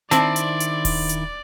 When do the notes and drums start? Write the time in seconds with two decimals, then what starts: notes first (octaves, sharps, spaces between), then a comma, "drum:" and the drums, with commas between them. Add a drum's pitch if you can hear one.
0.11 D#3 C4 D4 E4 C5 D5 A5, drum: snare
0.36 drum: hi-hat
0.60 drum: hi-hat
0.85 drum: kick D#1, open hi-hat
1.09 drum: hi-hat